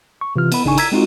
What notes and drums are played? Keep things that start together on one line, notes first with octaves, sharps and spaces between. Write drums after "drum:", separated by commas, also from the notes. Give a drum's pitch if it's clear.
C#6
C3 E3 F4 F6
B3 B5, drum: cymbal
G#1 C#3 D4 D#4 G#5 C#6
A#5 E6 G#6 B6, drum: cymbal
G#3 C4 D#4 F4 F#4